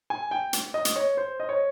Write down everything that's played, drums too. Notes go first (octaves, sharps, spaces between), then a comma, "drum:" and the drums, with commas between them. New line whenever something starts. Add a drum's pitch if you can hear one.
G#5
G5
drum: hi-hat
D#5
drum: hi-hat
C#5
C5
D#5
C#5